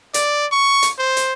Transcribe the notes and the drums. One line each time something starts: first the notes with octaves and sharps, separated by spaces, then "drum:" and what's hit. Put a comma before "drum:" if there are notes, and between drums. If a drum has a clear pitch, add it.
D5, drum: hi-hat
C#6
drum: hi-hat
C5
drum: hi-hat